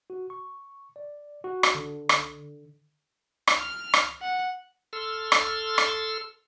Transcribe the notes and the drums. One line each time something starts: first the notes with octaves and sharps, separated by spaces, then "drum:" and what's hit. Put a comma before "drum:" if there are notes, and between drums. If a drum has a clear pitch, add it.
F#4
C#6
D5
F#4
drum: rim click
D3
drum: rim click
drum: rim click
F6
drum: rim click
F#5
A4 C6 E6 F6
drum: rim click
drum: rim click